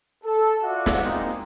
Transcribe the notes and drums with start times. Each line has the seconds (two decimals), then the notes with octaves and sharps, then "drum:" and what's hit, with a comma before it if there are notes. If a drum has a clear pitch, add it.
0.24 A4
0.63 F4 F#4 D5 E5 F#5
0.86 drum: snare
1.02 G#3 A#3 C4 D#4